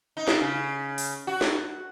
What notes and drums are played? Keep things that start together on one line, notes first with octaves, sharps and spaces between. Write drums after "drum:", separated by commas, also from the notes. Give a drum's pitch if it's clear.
D#4
drum: snare
C#3
drum: open hi-hat
F#4
drum: snare